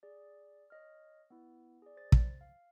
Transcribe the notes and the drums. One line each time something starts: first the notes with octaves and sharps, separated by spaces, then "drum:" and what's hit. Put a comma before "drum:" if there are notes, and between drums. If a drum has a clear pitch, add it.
G#4 D5
C#5 D#5 F6
B3 E4
G#4 D5
C5 A6
drum: kick
F5